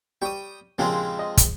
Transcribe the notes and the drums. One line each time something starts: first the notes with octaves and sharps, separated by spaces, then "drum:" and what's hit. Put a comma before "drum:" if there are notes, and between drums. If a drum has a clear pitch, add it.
G3 G4 G5 C#6 D#6
A#1 C#3 F3 G#3 C4 G4
D#5
drum: kick, hi-hat